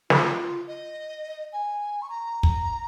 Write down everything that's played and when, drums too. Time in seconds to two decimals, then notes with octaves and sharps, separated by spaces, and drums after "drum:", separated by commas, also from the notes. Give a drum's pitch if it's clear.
0.10 F4, drum: snare
0.67 D#5
1.52 G#5
2.02 C#6
2.09 A#5
2.43 drum: kick